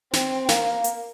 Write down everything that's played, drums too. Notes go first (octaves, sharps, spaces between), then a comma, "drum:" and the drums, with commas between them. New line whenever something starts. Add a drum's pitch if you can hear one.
C4, drum: snare
A#3, drum: snare
drum: hi-hat